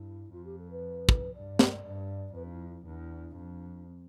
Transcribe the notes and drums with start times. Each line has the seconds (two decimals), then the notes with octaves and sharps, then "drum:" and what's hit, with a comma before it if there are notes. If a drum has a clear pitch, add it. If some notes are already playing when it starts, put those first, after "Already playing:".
Already playing: G2 E4
0.32 F2 F4
0.45 G4
0.58 A4
0.71 B4
1.09 drum: kick
1.34 G2 D5
1.59 drum: snare
1.85 G2
2.35 F2 B4
2.45 D4
2.52 E4
2.69 E4
2.86 E2 D4
3.37 F2
3.88 C4